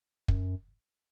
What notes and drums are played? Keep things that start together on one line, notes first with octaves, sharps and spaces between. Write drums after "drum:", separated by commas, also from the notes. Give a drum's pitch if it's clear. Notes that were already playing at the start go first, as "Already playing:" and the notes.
F#2, drum: kick